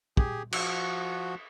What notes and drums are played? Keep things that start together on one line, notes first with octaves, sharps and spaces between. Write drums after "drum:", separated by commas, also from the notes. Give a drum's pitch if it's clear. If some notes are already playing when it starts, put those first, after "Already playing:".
G4 G#4, drum: kick
F3 F#4, drum: cymbal